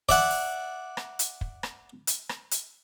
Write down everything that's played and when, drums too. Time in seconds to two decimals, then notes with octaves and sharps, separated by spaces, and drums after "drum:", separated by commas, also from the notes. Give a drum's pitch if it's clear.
0.09 D5 E5 F#5, drum: kick
0.31 drum: open hi-hat
0.97 drum: rim click
1.19 drum: hi-hat
1.41 drum: kick
1.63 drum: rim click
2.07 drum: hi-hat
2.29 drum: rim click
2.51 drum: hi-hat